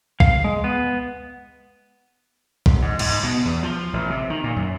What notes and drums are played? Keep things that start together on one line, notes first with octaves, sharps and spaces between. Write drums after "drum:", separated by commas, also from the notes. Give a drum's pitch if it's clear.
F5, drum: kick B1
G#3
B3
C2, drum: kick B1
G#2
G#2, drum: cymbal
B2
E2
F3
A1
C3
D#3
A#2
F#2